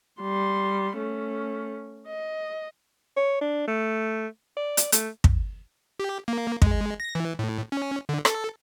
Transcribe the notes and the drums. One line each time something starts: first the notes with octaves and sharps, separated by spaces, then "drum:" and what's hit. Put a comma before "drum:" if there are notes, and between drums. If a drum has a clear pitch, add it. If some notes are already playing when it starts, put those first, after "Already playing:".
G3 C6
A3 C#4
D#5
C#5
D4
A3
D5
drum: hi-hat
A3, drum: hi-hat
drum: kick
G4
A#3
G#3, drum: kick
A#6
E3
A2
C#4
D3
A4, drum: rim click